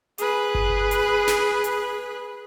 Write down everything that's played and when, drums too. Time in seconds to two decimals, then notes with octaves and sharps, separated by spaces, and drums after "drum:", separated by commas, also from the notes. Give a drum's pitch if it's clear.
0.18 G#4 B4, drum: hi-hat
0.55 drum: kick G1
0.91 drum: hi-hat
1.27 drum: snare
1.64 drum: hi-hat